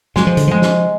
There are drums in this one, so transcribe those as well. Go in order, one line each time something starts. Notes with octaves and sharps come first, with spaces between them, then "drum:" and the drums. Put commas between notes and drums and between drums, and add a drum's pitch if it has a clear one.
F#3 G#3, drum: snare
F3
D3, drum: hi-hat
F3 G#3
drum: snare